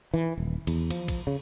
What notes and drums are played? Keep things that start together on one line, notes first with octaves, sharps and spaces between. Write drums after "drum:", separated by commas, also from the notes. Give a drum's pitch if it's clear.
E3
D#1
E2, drum: cymbal
F3, drum: cymbal
drum: kick, cymbal
C#3